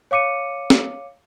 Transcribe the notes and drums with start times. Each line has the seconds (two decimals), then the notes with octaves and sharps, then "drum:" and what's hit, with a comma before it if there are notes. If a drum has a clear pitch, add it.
0.11 C#5 F5 D6 C#7 D#7
0.70 drum: snare